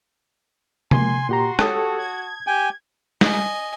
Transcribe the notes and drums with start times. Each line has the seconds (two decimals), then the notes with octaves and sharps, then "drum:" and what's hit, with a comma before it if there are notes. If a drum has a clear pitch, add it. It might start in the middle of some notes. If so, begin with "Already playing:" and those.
0.91 F3 A#3 G#5 C6, drum: tom C3
1.29 A#2 F#4 G4 A#5
1.59 G4 A4 C#5 A5 D#6, drum: rim click
1.98 G#6
2.47 G4 G5 G#5
3.21 D#5 G#5, drum: snare